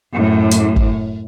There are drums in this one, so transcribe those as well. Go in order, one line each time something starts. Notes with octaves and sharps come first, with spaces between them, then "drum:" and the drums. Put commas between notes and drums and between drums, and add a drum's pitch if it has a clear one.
F#2 A2
drum: hi-hat
drum: kick